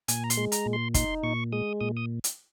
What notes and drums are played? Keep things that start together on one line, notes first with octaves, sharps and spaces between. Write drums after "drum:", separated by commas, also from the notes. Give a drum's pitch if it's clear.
A#2 G#5, drum: hi-hat
A#5
C6, drum: hi-hat
G#3
A#5, drum: hi-hat
A#2
C6
D#4 C6, drum: kick, hi-hat
A#2 C#6
G#3 D#6
A#2 D#6
D#6
drum: hi-hat